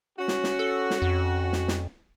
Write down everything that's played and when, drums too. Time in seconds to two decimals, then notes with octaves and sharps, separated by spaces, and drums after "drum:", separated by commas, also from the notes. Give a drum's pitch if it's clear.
0.18 C#4 F#4
0.28 drum: snare
0.44 drum: snare
0.59 A4
0.90 drum: snare
1.02 F2
1.53 drum: snare
1.68 drum: snare